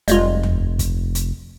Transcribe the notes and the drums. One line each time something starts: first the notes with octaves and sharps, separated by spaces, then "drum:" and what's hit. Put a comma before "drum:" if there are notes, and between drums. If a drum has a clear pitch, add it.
F1 G3 G#3 F4, drum: hi-hat
drum: tom D#2
drum: kick, hi-hat
drum: hi-hat